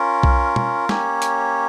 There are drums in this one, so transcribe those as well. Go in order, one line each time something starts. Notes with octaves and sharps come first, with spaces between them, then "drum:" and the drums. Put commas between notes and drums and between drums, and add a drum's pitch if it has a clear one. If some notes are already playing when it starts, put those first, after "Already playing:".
Already playing: C#4 F4 A#4
drum: kick B1
drum: tom
A#3 C#4 G4 C#5, drum: snare
drum: hi-hat